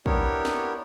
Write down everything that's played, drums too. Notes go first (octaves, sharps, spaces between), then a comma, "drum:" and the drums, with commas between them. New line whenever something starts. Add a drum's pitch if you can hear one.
B3 D4 E4 G4 A#4 C#5, drum: kick
drum: snare